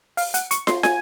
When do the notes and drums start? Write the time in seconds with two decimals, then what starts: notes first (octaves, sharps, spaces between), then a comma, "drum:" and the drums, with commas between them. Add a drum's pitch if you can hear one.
0.17 F5, drum: open hi-hat
0.34 F#5, drum: hi-hat
0.51 C#6, drum: hi-hat
0.67 C6, drum: snare
0.83 G#5, drum: snare